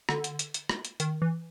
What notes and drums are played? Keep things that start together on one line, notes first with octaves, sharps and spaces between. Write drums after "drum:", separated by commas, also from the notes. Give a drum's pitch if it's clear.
D3, drum: rim click
drum: hi-hat
drum: hi-hat
drum: hi-hat
drum: rim click
drum: hi-hat
D#3, drum: hi-hat
E3